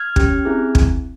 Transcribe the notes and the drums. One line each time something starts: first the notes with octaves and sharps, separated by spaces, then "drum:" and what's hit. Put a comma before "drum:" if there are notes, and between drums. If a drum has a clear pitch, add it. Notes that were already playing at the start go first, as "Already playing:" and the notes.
Already playing: F6 G#6
C#4 G4, drum: kick
C4 E4 G#4
drum: kick